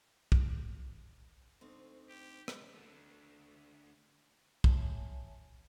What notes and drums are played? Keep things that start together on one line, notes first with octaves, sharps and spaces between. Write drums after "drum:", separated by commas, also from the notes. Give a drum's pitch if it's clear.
drum: kick
D2 C4 D#4
G4
drum: rim click
D3 A3
C#5 E5 G#5 A5, drum: kick